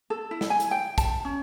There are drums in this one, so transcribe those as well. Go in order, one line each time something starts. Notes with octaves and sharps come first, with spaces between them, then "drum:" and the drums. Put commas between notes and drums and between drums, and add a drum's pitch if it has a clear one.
A4
E4
drum: snare
G#5
drum: hi-hat
G5
A5, drum: kick, hi-hat
C#4